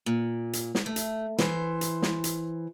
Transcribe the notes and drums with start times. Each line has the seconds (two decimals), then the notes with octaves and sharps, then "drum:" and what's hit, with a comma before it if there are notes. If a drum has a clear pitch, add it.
0.06 A#2
0.53 drum: hi-hat
0.75 drum: snare
0.86 A3
0.96 drum: hi-hat
1.39 E3 C5, drum: snare
1.81 drum: hi-hat
2.02 drum: snare
2.24 drum: hi-hat